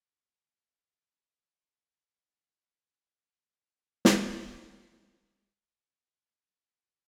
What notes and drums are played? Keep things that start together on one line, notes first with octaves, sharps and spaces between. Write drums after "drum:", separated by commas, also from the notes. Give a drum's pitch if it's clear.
F#3
F3
D#3
drum: snare
F#3
G#3
B3
B3
G#3
G#3
F#3
F3
F#3